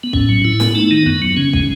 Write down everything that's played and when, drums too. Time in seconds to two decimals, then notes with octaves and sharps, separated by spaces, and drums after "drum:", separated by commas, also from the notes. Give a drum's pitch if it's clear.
0.03 B3
0.13 A2 C#4, drum: kick
0.29 F#3
0.45 A2 E4
0.60 B3, drum: snare
0.75 A3 D#4
0.91 D#3
1.06 F#2 B3
1.22 F#3
1.37 C#3 C#4
1.53 G#3, drum: kick